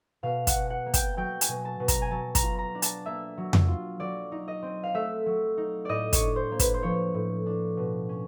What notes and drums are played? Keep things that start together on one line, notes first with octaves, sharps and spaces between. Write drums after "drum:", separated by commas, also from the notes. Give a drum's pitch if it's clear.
B2 F5
F#5, drum: kick, hi-hat
B2
F#5
A#3
G5, drum: kick, hi-hat
F#3 G5
G#5, drum: hi-hat
B2
A5
B2
A#5, drum: kick, hi-hat
G#5
F#3 A5
A#5, drum: kick, hi-hat
F4
A#5
D4
A5, drum: hi-hat
A#3 E5
F#3
drum: tom F2
F4
F#3 D5
D#4
D#5
C4
F5
A3 E5
F#3
D#4
A2 D5 D#5
C#5, drum: kick, hi-hat
D4
C5
A#3
B4, drum: kick, hi-hat
C5
F3 C#5
A2
D4
B2
C#4